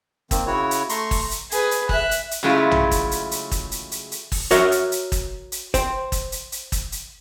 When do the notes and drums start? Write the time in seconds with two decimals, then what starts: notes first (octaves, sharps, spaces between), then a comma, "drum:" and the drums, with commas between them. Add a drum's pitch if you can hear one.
0.31 D#3 A#3 C4, drum: kick, hi-hat
0.46 C#3 E4 F#4 C#5
0.71 drum: hi-hat
0.89 A3 A#5 C6 C#6, drum: hi-hat
1.11 drum: kick, open hi-hat
1.31 drum: hi-hat
1.51 G#4 B4, drum: hi-hat
1.71 drum: hi-hat
1.89 E5 F#6, drum: kick
2.11 drum: hi-hat
2.31 drum: hi-hat
2.43 C#3 F#3 G#3 A3 E4 F4
2.71 drum: tom A#1
2.91 drum: kick, hi-hat
3.11 drum: hi-hat
3.31 drum: hi-hat
3.51 drum: kick, hi-hat
3.72 drum: hi-hat
3.92 drum: hi-hat
4.12 drum: hi-hat
4.32 drum: kick, open hi-hat
4.51 F#4 A#4 C#5 E5, drum: hi-hat
4.72 drum: hi-hat
4.92 drum: hi-hat
5.12 drum: kick, hi-hat
5.52 drum: hi-hat
5.74 C5 G5, drum: kick, hi-hat
6.12 drum: kick, hi-hat
6.32 drum: hi-hat
6.52 drum: hi-hat
6.72 drum: kick, hi-hat
6.92 drum: hi-hat